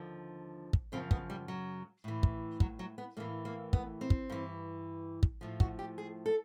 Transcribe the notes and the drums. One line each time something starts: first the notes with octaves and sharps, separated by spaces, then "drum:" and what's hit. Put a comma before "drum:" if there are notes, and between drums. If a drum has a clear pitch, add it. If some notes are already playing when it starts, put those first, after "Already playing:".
Already playing: D#2 D3 F3
drum: kick
F#2 C#3 F3 C4
B3, drum: kick
G3
F#3
A2 E3
drum: kick
F#3, drum: kick
F#3
B3
A2 E3 A#3
A#3
B3, drum: kick
C4
drum: kick
G2 E3
drum: kick
A2 F3
F#4, drum: kick
G4
G#4
A4